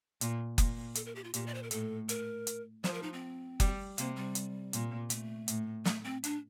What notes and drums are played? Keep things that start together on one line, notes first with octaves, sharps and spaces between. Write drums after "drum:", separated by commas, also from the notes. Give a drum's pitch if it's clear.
A#2, drum: hi-hat
A#2, drum: kick F#1, hi-hat
A4, drum: hi-hat
A#4
G4
F4
A#2 G4, drum: hi-hat
D5
C5
A#4
A2 A4, drum: hi-hat
A#4, drum: hi-hat
drum: hi-hat
F3 C5, drum: snare
A#4
D#4
C4
G3, drum: kick F#1, hi-hat
C3 A#3, drum: hi-hat
G3
drum: hi-hat
A#2, drum: hi-hat
A3, drum: hi-hat
A2, drum: hi-hat
A3, drum: snare
C4
D4, drum: hi-hat